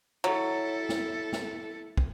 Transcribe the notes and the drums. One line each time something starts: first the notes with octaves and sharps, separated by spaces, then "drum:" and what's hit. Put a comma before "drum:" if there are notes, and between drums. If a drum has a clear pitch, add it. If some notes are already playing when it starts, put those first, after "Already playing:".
F#3 E4 A4
drum: snare
drum: snare
drum: kick